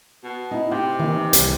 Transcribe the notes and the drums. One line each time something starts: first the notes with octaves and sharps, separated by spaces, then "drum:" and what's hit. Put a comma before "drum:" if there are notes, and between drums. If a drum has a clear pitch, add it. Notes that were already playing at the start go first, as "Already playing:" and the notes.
B2
D#4 E4
C3 F#5 G5
D#3 E3 A#3
C2, drum: hi-hat